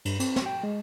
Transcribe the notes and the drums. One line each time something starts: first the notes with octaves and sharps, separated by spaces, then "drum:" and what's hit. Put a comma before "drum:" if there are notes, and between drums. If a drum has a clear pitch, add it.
G2, drum: cymbal
C4, drum: cymbal
drum: snare
G5
G#3